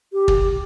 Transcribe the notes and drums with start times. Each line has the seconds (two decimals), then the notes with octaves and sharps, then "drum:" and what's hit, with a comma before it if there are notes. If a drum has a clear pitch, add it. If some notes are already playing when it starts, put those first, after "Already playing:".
0.13 G4
0.28 drum: kick